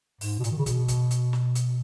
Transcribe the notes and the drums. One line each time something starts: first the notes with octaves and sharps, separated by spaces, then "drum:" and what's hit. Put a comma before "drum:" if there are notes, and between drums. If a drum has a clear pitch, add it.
G#2, drum: open hi-hat
B2
A#2, drum: hi-hat
D#3
C#3
B2, drum: kick, hi-hat
drum: kick, hi-hat
drum: hi-hat
drum: snare
drum: hi-hat